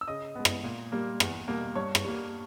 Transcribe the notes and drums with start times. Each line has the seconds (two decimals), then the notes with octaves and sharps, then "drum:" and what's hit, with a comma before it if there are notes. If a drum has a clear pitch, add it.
0.01 E6
0.08 C#3 D#5 D#6
0.35 G#3 B3
0.45 drum: rim click
0.64 A#2
0.92 G3 A#3
1.20 E2, drum: rim click
1.48 B2 G3 A#3
1.76 G2 C#5 C#6
1.95 drum: rim click
2.05 G3 A#3